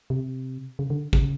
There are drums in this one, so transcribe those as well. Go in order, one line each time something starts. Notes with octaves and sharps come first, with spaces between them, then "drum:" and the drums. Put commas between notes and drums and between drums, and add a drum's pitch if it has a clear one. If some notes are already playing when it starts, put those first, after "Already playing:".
C3
C#3
D3
C#3, drum: kick G#1